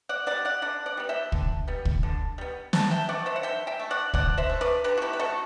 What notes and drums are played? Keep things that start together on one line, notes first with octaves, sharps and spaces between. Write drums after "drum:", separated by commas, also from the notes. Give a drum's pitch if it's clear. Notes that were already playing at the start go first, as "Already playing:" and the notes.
D5 F#5
G3 B3 D5 F#5
D5 F#5
D3 D5 F#5
D5 F#5
G3 B3
E5 G5
D3, drum: kick
G3 B3
drum: kick
D3
G3 B3
D3 F#5 A5, drum: snare
E5 G5
A3 D5 F#5
C5 E5
F#5
D3 E5 G5
E5 G5
A3
D5 F#5
D3 D5 F#5, drum: kick
C5 E5
A3
B4 D5
D3 G4 B4
F#4
E4 G4
B4
A3 F#4 A4